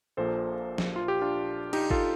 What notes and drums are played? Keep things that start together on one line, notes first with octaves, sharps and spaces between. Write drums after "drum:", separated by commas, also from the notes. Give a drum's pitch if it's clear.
A#1 A#2 F3 A#3 A4 C5
drum: snare
F4
G4
D4 F4
D#4 G4, drum: cymbal
F4 A4, drum: kick G#1